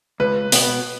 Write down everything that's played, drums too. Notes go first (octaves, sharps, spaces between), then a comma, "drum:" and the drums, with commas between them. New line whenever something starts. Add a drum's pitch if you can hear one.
C#2 B4
B2 B3, drum: open hi-hat